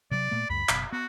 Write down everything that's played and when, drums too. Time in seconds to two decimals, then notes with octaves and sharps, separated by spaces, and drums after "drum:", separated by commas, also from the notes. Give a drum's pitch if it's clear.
0.11 C3 F#3 D5
0.31 A#2 A3 A#3
0.50 C#2 F#2 B5
0.69 F#1 B2, drum: clap
0.92 B3 F#4